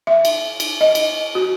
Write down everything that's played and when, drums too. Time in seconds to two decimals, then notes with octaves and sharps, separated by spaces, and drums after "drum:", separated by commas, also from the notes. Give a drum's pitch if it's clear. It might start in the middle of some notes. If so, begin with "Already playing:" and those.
0.07 E5
0.25 drum: cymbal
0.60 drum: cymbal
0.81 D#5
0.95 drum: cymbal
1.35 F#4